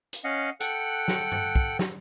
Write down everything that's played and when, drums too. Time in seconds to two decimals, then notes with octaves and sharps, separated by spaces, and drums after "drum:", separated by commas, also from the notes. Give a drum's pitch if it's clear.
0.13 drum: hi-hat
0.24 C#4 D#5 F5 F#5
0.60 A4 F#5 G5 F#6, drum: hi-hat
1.08 drum: snare
1.32 drum: tom G2
1.55 drum: kick
1.79 drum: snare